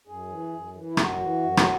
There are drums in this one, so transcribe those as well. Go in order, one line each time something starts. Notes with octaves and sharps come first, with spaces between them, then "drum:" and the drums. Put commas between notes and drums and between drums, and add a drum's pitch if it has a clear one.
F#2 G#4
E3
F#2
E3
E4
F#2 F#4, drum: rim click
E3
F#2
drum: rim click